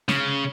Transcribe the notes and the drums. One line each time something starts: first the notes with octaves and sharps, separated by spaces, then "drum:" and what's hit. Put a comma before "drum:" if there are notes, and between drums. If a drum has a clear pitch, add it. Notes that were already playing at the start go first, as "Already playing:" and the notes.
C#3, drum: snare